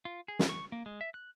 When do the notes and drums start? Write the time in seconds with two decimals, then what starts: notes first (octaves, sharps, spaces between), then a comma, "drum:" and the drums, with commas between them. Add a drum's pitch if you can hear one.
0.05 F4
0.28 G#4
0.39 drum: snare
0.49 C#6
0.72 A#3
0.86 G#3
1.01 E5
1.14 F#6